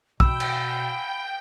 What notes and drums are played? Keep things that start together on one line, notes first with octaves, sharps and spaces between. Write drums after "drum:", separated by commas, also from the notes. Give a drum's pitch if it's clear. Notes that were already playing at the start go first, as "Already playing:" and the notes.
B2 G5 B5 E6, drum: kick
drum: cymbal